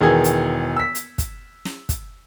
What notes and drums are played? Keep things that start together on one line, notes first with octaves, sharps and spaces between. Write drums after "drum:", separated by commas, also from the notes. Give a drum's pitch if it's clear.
E1 D#3 E3 G#4 G#6
drum: hi-hat
E6 B6
drum: hi-hat
drum: kick, hi-hat
drum: snare
drum: kick, hi-hat